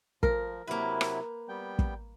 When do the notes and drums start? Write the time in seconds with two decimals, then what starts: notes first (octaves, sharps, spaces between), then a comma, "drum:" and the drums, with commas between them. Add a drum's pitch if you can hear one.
0.23 F3 A#4, drum: kick
0.67 C3 F#3 A#3 E4 B4
1.01 drum: rim click
1.49 G3 B3 G5
1.79 drum: kick